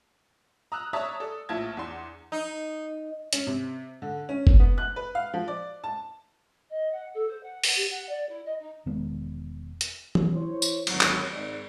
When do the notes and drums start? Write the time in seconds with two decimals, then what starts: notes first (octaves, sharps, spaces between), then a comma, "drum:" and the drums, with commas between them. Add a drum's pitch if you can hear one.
0.72 A#5 D#6 E6 F#6
0.93 C#5 D5 E5 A5 A#5 D#6
1.20 A4 D5
1.49 A#1 A2 E4 F4 A5 G#6
1.77 E2 D4 C6
2.32 D#4
3.33 C#4, drum: hi-hat
3.47 C3
4.02 D3
4.29 C#4
4.47 drum: kick
4.59 B3
4.78 F#6
4.96 B4
5.15 F5
5.34 F3
5.48 D5
5.84 A5
6.70 D#5
6.92 F#5
7.14 A4
7.29 C5
7.43 F#5
7.64 drum: open hi-hat
7.75 G4
7.90 F#5
8.09 D5
8.29 E4
8.46 D#5
8.60 D#4
8.86 E1 D#3 G#3 B3
9.81 drum: hi-hat
10.15 drum: tom E3
10.34 E4 C5 C#5
10.62 drum: tambourine
10.87 G#1 D2 D#3 F#3, drum: cymbal
11.01 drum: clap
11.32 G#1 G#2 D5